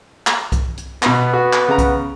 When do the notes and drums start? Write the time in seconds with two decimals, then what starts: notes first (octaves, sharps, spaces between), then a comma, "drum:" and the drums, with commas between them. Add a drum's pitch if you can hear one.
0.27 drum: clap
0.52 drum: kick C2, hi-hat
0.77 drum: hi-hat
1.03 B2 B3 B5, drum: clap
1.33 F#4
1.53 drum: clap
1.68 C#3 A#5
1.78 drum: kick C2, hi-hat